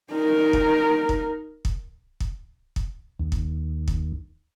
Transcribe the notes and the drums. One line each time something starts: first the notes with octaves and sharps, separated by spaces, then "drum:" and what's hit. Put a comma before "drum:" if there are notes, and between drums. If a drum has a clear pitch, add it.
D#4 A#4
drum: kick
drum: kick
drum: kick
drum: kick
drum: kick
D#2
drum: kick
drum: kick